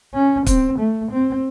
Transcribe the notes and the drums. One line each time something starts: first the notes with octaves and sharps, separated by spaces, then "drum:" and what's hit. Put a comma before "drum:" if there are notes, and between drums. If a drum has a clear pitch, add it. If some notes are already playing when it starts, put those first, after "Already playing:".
C#4
C4, drum: kick, hi-hat
A3
C4